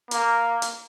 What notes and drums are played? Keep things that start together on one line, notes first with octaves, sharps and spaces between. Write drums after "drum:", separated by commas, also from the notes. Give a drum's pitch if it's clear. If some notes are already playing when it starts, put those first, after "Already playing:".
A#3, drum: hi-hat
drum: hi-hat